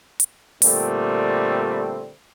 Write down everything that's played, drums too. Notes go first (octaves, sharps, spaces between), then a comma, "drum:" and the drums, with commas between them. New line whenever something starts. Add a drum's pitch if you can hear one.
drum: hi-hat
A#2 D3 G3 A3 C4, drum: open hi-hat